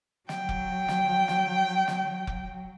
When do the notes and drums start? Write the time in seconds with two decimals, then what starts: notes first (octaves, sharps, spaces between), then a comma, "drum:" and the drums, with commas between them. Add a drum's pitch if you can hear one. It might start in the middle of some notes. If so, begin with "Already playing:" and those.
0.29 F#3 G5, drum: snare
0.49 drum: kick F1
0.88 drum: snare
1.28 drum: snare
1.88 drum: snare
2.27 drum: kick F1